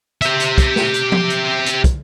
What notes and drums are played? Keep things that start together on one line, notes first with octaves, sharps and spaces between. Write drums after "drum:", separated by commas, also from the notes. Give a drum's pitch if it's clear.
G4 E5, drum: hi-hat
drum: hi-hat
drum: kick, hi-hat
drum: snare
drum: hi-hat
drum: tom F3
drum: hi-hat
drum: hi-hat
drum: kick, hi-hat